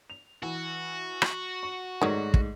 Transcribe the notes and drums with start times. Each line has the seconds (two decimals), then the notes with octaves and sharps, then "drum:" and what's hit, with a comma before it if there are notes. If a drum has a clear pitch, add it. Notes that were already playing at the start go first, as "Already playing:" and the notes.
0.10 F7
0.43 E3 F#4
1.22 drum: rim click
1.63 C#6
2.01 G#2 D#3 F#3 A3 D5
2.34 drum: kick